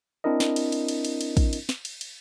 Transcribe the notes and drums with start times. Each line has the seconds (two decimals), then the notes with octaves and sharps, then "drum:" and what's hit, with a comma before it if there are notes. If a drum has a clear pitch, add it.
0.24 C4 D4 E4 A#4 D#5
0.40 drum: snare
0.56 drum: cymbal
0.72 drum: cymbal
0.88 drum: cymbal
1.05 drum: cymbal
1.21 drum: cymbal
1.37 drum: kick, cymbal
1.53 drum: cymbal
1.69 drum: snare
1.85 drum: cymbal
2.01 drum: cymbal